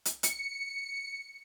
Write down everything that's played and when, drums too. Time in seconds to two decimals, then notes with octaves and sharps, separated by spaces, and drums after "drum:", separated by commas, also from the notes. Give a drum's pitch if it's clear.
0.05 drum: hi-hat
0.23 C#7, drum: hi-hat